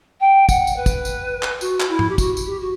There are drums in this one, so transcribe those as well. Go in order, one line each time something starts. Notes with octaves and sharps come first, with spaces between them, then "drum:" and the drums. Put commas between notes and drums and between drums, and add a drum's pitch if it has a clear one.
G5
F#5, drum: kick, tambourine
drum: tambourine
B4
drum: kick, tambourine
drum: tambourine
drum: clap
F#4, drum: tambourine
drum: clap
E4
drum: tom G#2
G4
F#4, drum: kick, tambourine
drum: tambourine
G4
F#4